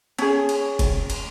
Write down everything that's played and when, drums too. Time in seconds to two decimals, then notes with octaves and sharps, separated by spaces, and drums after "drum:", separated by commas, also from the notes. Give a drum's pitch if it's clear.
0.19 C#4 G#4, drum: cymbal
0.49 drum: cymbal
0.79 drum: kick, cymbal
1.10 drum: cymbal